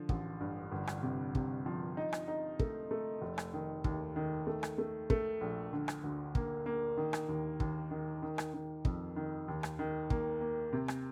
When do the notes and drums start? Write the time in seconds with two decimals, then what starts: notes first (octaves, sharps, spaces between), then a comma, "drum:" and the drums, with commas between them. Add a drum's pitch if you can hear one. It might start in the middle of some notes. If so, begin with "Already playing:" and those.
Already playing: D3 F3
0.09 A1, drum: kick
0.41 G2
0.72 G1
0.87 drum: rim click
1.03 C3
1.35 C3, drum: kick
1.66 F3
1.97 D#4
2.13 drum: rim click
2.28 D#4
2.59 A3, drum: kick
2.91 A3
3.21 F1
3.38 drum: rim click
3.53 D#3
3.84 D#2, drum: kick
4.16 D#3
4.47 A3
4.63 drum: rim click
4.78 A3
5.10 A3, drum: kick
5.41 A#1
5.73 D3
5.88 drum: rim click
6.03 D2
6.35 A#3, drum: kick
6.66 A#3
6.97 D#3
7.13 drum: rim click
7.29 D#2
7.60 D#2, drum: kick
7.91 D#3
8.22 D#3
8.38 drum: rim click
8.54 D#3
8.85 F2, drum: kick
9.16 D#3
9.48 D#2
9.63 drum: rim click
9.79 D#3
10.10 A#3, drum: kick
10.41 A#3
10.73 C3
10.88 drum: rim click